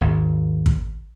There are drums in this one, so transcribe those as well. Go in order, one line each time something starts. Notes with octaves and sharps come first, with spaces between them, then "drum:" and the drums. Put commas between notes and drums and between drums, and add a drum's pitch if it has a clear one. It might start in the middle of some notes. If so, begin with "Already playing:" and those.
G#1 D#2
drum: kick